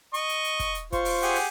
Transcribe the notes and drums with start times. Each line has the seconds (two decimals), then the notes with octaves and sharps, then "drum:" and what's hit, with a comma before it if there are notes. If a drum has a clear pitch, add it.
0.14 D#5 C#6, drum: hi-hat
0.29 drum: hi-hat
0.44 drum: hi-hat
0.60 drum: kick, hi-hat
0.75 drum: hi-hat
0.92 F4 C5 C#6, drum: kick, hi-hat
1.05 drum: open hi-hat
1.22 G4 G#4 F#5, drum: hi-hat
1.35 drum: open hi-hat